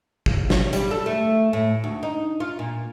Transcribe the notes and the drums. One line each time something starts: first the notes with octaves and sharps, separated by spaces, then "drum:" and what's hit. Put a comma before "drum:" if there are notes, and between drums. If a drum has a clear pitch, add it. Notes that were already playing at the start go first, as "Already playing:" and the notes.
drum: kick G#1
F4, drum: snare
G3, drum: hi-hat
A4
A3
A2
D2
D#4
F4
A#2